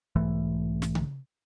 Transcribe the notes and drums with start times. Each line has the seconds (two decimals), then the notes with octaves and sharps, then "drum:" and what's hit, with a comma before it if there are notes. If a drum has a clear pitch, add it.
0.15 B1 G#2 E3 A3
0.82 drum: snare
0.95 drum: tom C#3